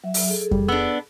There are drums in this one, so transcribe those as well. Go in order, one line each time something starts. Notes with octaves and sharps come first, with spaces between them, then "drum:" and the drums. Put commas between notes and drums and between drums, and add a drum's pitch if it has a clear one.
F#3 E5
drum: open hi-hat
G#4 A4
G3, drum: kick F2
B3 D4 E6